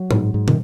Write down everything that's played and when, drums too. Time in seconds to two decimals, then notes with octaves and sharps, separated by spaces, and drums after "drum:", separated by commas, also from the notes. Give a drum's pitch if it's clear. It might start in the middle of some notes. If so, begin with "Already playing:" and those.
Already playing: F#3
0.11 G#2, drum: tom A2
0.34 G#2
0.48 D#3, drum: tom